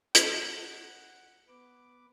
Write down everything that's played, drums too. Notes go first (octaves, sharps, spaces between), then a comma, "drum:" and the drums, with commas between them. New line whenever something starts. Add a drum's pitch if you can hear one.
F#5, drum: hi-hat
B3 B4 D6